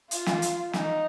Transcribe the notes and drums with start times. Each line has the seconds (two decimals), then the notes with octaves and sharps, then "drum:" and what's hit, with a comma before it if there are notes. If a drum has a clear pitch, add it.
0.11 F4, drum: hi-hat
0.26 drum: snare
0.42 drum: hi-hat
0.73 D#4, drum: snare